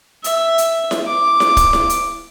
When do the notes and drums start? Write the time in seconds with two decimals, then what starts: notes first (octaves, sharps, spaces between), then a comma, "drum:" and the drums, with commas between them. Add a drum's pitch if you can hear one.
0.24 E5, drum: hi-hat
0.58 drum: hi-hat
0.91 drum: snare E4
1.07 D6
1.40 drum: snare E4
1.57 drum: kick, hi-hat
1.73 drum: snare E4
1.90 drum: hi-hat